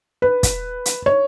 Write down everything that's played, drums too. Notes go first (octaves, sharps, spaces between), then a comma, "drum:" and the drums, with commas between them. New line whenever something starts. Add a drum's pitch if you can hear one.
B4
drum: kick, hi-hat
drum: hi-hat
C#5